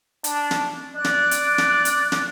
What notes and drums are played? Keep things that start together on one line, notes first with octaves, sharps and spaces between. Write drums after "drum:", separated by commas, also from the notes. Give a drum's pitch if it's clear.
D4, drum: hi-hat
drum: snare
D5 F#6
drum: snare
drum: hi-hat
drum: snare
drum: hi-hat
drum: snare